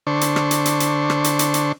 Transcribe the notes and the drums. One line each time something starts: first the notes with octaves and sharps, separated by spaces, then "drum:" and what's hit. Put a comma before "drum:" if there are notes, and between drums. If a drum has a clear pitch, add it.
D3 D4 C5 C#6
drum: hi-hat
drum: rim click
drum: hi-hat
drum: hi-hat
drum: hi-hat
drum: rim click
drum: hi-hat
drum: hi-hat
drum: hi-hat